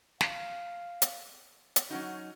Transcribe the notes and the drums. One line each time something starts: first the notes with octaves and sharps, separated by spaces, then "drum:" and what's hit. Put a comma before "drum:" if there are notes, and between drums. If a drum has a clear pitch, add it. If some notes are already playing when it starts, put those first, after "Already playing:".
F5, drum: snare
drum: hi-hat
drum: hi-hat
F#3 C#4 D#4 F#4